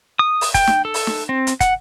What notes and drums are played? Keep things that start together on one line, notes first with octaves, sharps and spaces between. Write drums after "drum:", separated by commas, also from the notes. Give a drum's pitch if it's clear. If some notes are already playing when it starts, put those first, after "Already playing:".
D#6
drum: open hi-hat
G5, drum: kick, hi-hat
drum: snare
A4
drum: open hi-hat
drum: snare
C4
drum: hi-hat
F#5, drum: kick, hi-hat